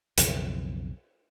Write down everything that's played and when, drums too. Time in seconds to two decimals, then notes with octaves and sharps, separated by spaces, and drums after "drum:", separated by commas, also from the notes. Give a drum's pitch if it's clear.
0.18 B1 F2 C#3 E3, drum: hi-hat